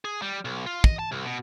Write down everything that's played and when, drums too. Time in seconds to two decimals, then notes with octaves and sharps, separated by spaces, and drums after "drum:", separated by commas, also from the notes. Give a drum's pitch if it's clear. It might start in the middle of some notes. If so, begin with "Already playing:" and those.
0.05 G#4
0.22 G3
0.45 B1
0.66 F4
0.84 D#5, drum: kick
0.99 A5
1.12 C2
1.26 B2